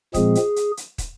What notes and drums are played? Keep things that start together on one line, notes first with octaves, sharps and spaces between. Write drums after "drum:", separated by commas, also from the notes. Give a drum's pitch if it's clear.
A#2 F3 G#3 C4 G#4, drum: kick, hi-hat
drum: hi-hat
drum: hi-hat
drum: hi-hat
drum: kick, hi-hat